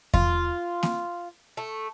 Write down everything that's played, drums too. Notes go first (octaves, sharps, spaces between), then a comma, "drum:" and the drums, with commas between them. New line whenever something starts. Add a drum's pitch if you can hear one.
F4, drum: kick E2
drum: snare A#3
A3